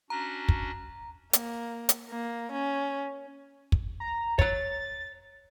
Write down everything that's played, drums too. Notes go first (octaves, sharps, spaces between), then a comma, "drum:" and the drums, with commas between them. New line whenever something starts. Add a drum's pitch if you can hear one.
C#4 D4 F#4 A#5
drum: kick
A#3, drum: hi-hat
drum: hi-hat
A#3
C#4
drum: kick
A#5
C#5 A#5 A6, drum: kick